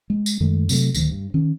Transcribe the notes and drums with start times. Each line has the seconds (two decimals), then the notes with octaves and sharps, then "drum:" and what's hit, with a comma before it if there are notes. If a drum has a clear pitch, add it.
0.10 G#3
0.26 drum: tambourine
0.40 F#2 D#3 G#3 A3
0.69 C3 F#3 G3 A3, drum: tambourine
0.94 D1 D2 D#3, drum: tambourine
1.11 G2
1.34 D#3 C#4